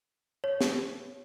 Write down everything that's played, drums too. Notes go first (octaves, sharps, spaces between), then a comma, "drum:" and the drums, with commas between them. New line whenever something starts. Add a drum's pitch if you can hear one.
C#5
drum: snare